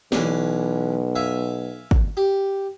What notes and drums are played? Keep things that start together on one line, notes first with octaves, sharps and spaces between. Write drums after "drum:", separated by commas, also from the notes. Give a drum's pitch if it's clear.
B1 E3 C#4 D4, drum: snare
E5 F5 G#5
drum: kick
G4